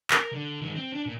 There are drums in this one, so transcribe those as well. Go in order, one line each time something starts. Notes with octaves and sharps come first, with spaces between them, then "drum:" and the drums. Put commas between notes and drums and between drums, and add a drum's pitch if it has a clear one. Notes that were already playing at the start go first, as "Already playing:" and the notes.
A#4, drum: clap
D3
D#3 G#3
C4
D4
A#2